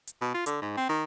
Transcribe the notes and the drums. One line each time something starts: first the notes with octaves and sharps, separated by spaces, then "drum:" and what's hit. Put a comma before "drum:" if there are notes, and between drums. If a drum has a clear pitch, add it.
drum: hi-hat
B2
F4
D3, drum: hi-hat
G#2
C4
D#3